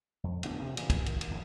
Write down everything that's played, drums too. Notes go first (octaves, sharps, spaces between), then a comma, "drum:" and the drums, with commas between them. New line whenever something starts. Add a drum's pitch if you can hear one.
F2
A1 D3 B3 D4, drum: cymbal
C3
A#2 E3, drum: cymbal
drum: kick, cymbal
D#3, drum: cymbal
drum: cymbal
G#1 F2 A2